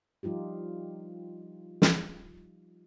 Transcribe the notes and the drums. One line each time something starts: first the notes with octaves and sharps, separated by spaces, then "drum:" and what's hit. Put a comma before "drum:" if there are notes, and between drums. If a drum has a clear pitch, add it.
F3 G3 D#4 F4 G4
drum: snare